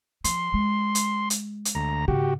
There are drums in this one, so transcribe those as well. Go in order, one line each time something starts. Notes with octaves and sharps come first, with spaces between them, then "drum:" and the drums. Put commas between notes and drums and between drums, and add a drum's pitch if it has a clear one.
F3 C6, drum: hi-hat
G#3
drum: hi-hat
drum: hi-hat
drum: hi-hat
D2 A#5
G#2 C#3 F#4 G4